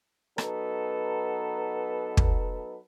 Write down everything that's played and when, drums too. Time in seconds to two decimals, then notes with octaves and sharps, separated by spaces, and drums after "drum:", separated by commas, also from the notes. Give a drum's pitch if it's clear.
0.38 F#3 B3 D#4 A4 B4, drum: rim click
2.17 drum: kick